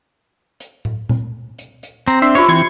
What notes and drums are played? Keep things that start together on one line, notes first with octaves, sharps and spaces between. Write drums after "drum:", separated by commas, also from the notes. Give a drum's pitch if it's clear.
drum: hi-hat
drum: tom A2
drum: tom A#2
drum: hi-hat
drum: hi-hat
C4 A#5 C6, drum: hi-hat
D4 E5 C6
F4 G4 C5 C#5
E3 C4 C6 G#6 C#7